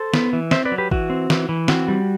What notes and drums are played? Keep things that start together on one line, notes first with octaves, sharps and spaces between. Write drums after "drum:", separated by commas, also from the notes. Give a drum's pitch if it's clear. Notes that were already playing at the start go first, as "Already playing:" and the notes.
Already playing: A4 C5
B3, drum: snare
E3
C4 C5 E5, drum: snare
B4 D5
F#3
G4 B4
E3 F#4, drum: kick
C4
E3, drum: snare
E3
C4 F#4, drum: snare
G3